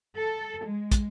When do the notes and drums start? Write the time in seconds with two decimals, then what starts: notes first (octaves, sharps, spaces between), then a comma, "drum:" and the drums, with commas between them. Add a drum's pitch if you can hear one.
0.14 A4
0.65 G#3
0.91 drum: kick, hi-hat